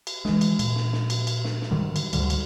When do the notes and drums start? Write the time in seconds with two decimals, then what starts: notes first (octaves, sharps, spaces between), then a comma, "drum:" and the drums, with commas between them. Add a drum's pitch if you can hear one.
0.07 drum: cymbal
0.25 E3 G#3, drum: snare
0.41 drum: cymbal
0.59 A#2, drum: cymbal
0.76 drum: snare
0.93 drum: snare
1.10 drum: cymbal
1.27 drum: cymbal
1.44 drum: snare
1.61 drum: snare
1.71 G#2 D3 D#3 G3
1.96 drum: cymbal
2.13 D2 G#2 D3 G3, drum: cymbal
2.30 drum: cymbal